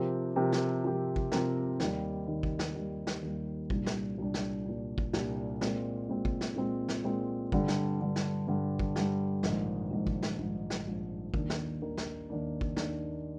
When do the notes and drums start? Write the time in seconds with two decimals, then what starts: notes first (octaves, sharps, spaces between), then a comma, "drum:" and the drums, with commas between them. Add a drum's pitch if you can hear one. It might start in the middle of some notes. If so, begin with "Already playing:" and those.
Already playing: C3 F3 C4 G4 A#4
0.36 C3 F3 C4 G4 A#4
0.52 drum: snare
0.84 C3 F3 C4 G4 A#4
1.16 drum: kick
1.32 C3 F3 C4 G4 A#4, drum: snare
1.80 D#2 D#3 G3, drum: snare
2.28 D#2 D#3 G3
2.43 drum: kick
2.59 drum: snare
2.75 D#2 D#3 G3
3.07 drum: snare
3.22 D#2 D#3 G3
3.70 C2 A#2 G3 D4, drum: kick
3.86 drum: snare
4.18 C2 A#2 G3 D4
4.34 drum: snare
4.66 C2 A#2 G3 D4
4.98 drum: kick
5.13 C2 A#2 G3 D4, drum: snare
5.61 A#2 G#3 C4, drum: snare
6.09 A#2 G#3 C4
6.25 drum: kick
6.41 drum: snare
6.56 A#2 G#3 C4
6.89 drum: snare
7.04 A#2 G#3 C4
7.52 G2 D3 G3, drum: kick
7.68 drum: snare
8.00 G2 D3 G3
8.16 drum: snare
8.48 G2 D3 G3
8.79 drum: kick
8.96 G2 D3 G3, drum: snare
9.43 A#1 G#2 D#3, drum: snare
9.90 A#1 G#2 D#3
10.07 drum: kick
10.23 drum: snare
10.38 A#1 G#2 D#3
10.70 drum: snare
10.87 A#1 G#2 D#3
11.34 D#2 D#3 A#3 D4, drum: kick
11.50 drum: snare
11.82 D#2 D#3 A#3 D4
11.98 drum: snare
12.30 D#2 D#3 A#3 D4
12.61 drum: kick
12.77 D#2 D#3 A#3 D4, drum: snare